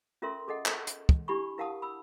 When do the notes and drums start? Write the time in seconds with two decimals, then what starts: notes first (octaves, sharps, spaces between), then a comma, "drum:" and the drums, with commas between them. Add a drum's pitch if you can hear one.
0.22 C#4 F4 A4 A#4 E5 C6
0.48 G#4 A4 D#5 F#5
0.65 drum: clap
0.87 drum: hi-hat
1.09 drum: kick
1.28 D4 E4 G4 B5 C#6
1.58 E4 A#4 F5 F#5 A5 D#6
1.82 B5 E6